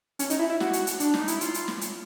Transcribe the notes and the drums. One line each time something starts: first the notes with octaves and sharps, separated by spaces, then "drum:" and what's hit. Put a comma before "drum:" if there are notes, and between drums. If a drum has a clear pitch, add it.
C#4, drum: hi-hat
D#4, drum: hi-hat
E4
E4
F#4, drum: snare
drum: hi-hat
drum: hi-hat
D4, drum: hi-hat
D#4, drum: snare
E4, drum: hi-hat
F4, drum: hi-hat
drum: hi-hat
drum: snare
drum: hi-hat